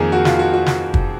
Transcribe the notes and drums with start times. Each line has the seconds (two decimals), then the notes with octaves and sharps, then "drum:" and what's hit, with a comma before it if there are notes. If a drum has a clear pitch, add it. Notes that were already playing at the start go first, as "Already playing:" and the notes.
Already playing: F2 D#3 A#3 G#4 A#4
0.12 F#4
0.25 F4, drum: snare
0.39 F#4
0.53 F#4
0.66 drum: snare
0.94 drum: kick